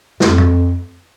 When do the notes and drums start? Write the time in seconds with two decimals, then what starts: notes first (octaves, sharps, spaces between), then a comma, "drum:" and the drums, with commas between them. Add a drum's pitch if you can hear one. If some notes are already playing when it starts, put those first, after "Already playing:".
0.20 F2, drum: snare
0.38 drum: tom